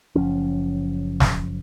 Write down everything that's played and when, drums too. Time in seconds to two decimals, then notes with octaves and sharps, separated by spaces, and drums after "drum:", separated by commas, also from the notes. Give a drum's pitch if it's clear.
0.15 F#1 F#2 F3 C#4
1.20 drum: snare